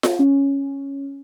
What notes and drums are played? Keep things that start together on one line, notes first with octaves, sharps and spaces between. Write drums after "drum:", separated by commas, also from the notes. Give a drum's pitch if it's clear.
drum: snare F4
C#4